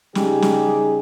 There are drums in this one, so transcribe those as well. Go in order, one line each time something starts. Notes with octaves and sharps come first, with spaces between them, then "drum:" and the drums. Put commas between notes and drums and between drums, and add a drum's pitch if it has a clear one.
C#3 G3 D#4 G4 G#4, drum: snare
drum: snare